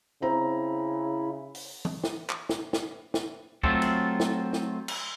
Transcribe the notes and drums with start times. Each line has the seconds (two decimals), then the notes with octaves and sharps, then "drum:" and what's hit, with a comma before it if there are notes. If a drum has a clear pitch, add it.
0.22 C#3 C4 E4 A#5
1.55 drum: open hi-hat
1.85 drum: tom
2.04 drum: snare
2.30 drum: clap
2.49 drum: snare
2.73 drum: snare
3.14 drum: snare
3.63 F#3 A3 C4 F4 A4, drum: kick D2
3.82 drum: cymbal
4.20 drum: snare
4.53 drum: snare
4.88 drum: cymbal